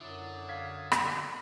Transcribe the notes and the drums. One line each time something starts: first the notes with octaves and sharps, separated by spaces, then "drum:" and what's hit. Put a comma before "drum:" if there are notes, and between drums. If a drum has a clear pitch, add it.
F#2 D3 F#3 E4 D5 D#6
F5 G#6 B6
drum: rim click